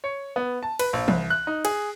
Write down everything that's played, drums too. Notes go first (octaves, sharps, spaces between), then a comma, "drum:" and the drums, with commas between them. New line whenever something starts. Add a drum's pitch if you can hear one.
C#5
B3
A5
B4, drum: cymbal
A#1
C2, drum: tom E3
F#6
D#4
G#4, drum: cymbal